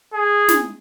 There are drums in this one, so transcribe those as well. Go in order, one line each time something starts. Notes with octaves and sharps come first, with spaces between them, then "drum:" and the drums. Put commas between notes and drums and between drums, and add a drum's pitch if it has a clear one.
G#4
drum: snare